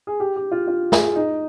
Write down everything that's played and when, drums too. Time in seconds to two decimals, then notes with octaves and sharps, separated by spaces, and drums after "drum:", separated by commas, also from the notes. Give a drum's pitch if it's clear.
0.07 G#4
0.20 G4
0.36 G4
0.52 F4
0.68 F4
0.92 G#4, drum: snare
1.16 D#4